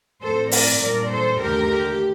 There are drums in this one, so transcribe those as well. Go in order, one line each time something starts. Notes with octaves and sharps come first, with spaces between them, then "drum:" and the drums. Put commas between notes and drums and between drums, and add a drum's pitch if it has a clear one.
A2 F3 C4 A4 C5
A#4 D5, drum: open hi-hat
A#2 G3 D4 A#4 D5
A4 C5
D#2 D3 A3 G4 A#4
G4